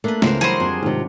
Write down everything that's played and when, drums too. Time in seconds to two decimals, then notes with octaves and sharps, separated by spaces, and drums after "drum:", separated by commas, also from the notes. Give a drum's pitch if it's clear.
0.04 A3 A#3 D4 B4
0.22 C#2 C#3 A#4 C5, drum: snare A3
0.41 E3 F#3 G3 G#4 A#4 C5 B5
0.60 F2 D4
0.82 G#2 C3 D#3 F4